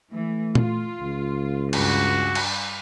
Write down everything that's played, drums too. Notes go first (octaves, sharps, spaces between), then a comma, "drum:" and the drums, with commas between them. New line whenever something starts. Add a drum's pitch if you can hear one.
E3 A3
F4, drum: tom
C#2
G2 F#4, drum: cymbal
drum: cymbal